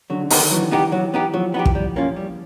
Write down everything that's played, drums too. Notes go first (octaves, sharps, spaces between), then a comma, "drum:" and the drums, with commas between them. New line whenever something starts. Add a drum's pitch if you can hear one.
D3 F#3
D3
B3 D#4 G4, drum: open hi-hat
D#3
E3 F#3
B3 D#4 G4
F#3
B3 D#4 G4
F3 F#3
B3 D#4 G4
drum: kick
G3
A#3 C#4 F4
G3